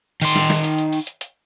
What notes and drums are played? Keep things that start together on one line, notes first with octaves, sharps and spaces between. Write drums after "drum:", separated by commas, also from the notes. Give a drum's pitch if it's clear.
D#3 C6, drum: hi-hat
drum: snare
drum: snare
drum: hi-hat
drum: hi-hat
drum: open hi-hat
drum: hi-hat
drum: hi-hat